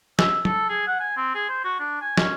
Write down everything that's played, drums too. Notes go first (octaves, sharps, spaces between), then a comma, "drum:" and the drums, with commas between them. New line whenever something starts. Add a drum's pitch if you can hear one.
E6, drum: snare
A4, drum: tom
G#4
F#5
G#5
C4
G#4
C5
F#4
D4
G#5
C#4, drum: snare